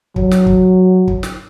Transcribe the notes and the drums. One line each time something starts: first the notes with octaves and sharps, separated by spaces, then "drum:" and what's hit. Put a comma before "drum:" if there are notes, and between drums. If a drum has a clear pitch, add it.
F#3, drum: kick
drum: snare
drum: kick
drum: kick
drum: snare